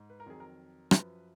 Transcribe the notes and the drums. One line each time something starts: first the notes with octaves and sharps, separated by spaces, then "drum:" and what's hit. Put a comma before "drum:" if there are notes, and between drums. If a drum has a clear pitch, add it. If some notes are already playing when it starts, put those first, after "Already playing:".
Already playing: G#2
B4
A#4
F2 D#3 F#3 G#4
A#4
F#2 F3 B4, drum: rim click